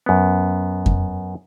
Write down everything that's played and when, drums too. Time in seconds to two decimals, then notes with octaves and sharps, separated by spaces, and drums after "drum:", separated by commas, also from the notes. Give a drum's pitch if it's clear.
0.06 F#2 B3
0.86 drum: kick F2